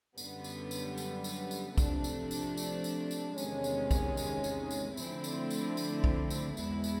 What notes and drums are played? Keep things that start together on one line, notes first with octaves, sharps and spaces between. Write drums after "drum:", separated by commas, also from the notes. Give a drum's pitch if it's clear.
F#2 D3 G3 B3, drum: tambourine
drum: tambourine
drum: tambourine
drum: tambourine
drum: tambourine
drum: tambourine
C3 F3 A3 D4, drum: kick, tambourine
drum: tambourine
drum: tambourine
drum: tambourine
drum: tambourine
drum: tambourine
E2 C3 D#3 G#3 C#4, drum: tambourine
drum: tambourine
drum: kick, tambourine
drum: tambourine
drum: tambourine
drum: tambourine
D3 F3 A3 C4 E4, drum: tambourine
drum: tambourine
drum: tambourine
drum: tambourine
drum: kick
drum: tambourine
E2 B2 G#3 B3 E4, drum: tambourine
drum: tambourine